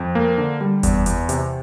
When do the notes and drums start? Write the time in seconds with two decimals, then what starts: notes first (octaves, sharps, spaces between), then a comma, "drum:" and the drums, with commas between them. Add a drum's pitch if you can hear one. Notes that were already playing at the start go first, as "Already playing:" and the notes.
Already playing: F2
0.15 A#3
0.38 D3
0.61 G3
0.83 E2, drum: kick F#1, hi-hat
1.06 E2, drum: hi-hat
1.29 C3, drum: hi-hat